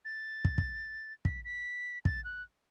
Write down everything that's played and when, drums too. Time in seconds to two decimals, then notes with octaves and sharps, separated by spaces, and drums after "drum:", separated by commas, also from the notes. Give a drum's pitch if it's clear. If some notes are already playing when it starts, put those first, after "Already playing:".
0.05 A6
0.45 drum: kick
0.58 drum: kick
1.25 B6, drum: kick
1.45 B6
2.05 A6, drum: kick
2.24 F#6